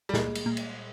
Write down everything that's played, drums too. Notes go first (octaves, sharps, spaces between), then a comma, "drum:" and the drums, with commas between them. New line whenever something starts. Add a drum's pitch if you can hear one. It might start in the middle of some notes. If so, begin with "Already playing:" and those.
G3
A#2 G#3, drum: snare
drum: cymbal
A#2
drum: cymbal